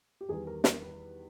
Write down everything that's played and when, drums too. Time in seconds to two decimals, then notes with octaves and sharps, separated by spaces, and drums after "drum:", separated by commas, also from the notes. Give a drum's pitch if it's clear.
0.21 G4
0.29 E2 D#3 G3 G#4
0.47 A#4
0.64 A#4, drum: snare
0.82 B4